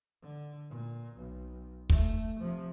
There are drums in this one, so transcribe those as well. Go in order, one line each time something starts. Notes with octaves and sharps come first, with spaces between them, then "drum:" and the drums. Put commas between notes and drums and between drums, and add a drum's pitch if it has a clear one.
D3
A#2
B1
A3, drum: kick
C3 F3